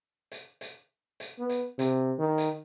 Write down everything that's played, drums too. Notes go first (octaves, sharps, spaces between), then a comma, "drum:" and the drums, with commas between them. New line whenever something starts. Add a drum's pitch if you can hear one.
drum: hi-hat
drum: hi-hat
drum: hi-hat
B3
drum: hi-hat
C3, drum: hi-hat
D#3
drum: hi-hat